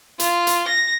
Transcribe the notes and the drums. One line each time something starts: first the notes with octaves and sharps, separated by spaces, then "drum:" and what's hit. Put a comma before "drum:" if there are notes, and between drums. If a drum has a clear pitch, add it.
F4, drum: hi-hat
drum: hi-hat
A#6